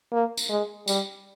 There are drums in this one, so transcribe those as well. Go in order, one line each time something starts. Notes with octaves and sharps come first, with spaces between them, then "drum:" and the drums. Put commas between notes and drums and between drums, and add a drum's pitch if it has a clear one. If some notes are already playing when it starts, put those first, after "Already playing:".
A#3
drum: tambourine
G#3
G3, drum: tambourine